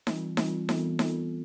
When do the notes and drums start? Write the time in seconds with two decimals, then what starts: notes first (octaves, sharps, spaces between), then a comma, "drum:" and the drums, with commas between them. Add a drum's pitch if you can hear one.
0.07 E3 G3 C4 F4, drum: snare D#4
0.37 E3 G3 C4 F4, drum: snare D#4
0.69 E3 B3 F4 A4, drum: snare D#4
0.99 E3 B3 F4 A4, drum: snare D#4